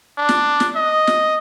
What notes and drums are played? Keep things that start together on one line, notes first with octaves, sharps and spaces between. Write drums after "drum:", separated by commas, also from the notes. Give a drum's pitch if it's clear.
D4
drum: snare
drum: snare
D#5
drum: snare